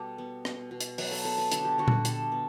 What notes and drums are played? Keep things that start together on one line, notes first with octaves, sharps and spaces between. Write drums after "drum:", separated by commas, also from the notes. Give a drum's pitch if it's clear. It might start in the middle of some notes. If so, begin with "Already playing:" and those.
Already playing: B2 G3 G4 A4
B3
B2, drum: rim click
B2
drum: hi-hat
F#3 B4, drum: open hi-hat
A4
B3 A4
B4
D3 A4, drum: hi-hat
G4
D3 F#4
drum: tom A#2
G3 A4, drum: hi-hat
B3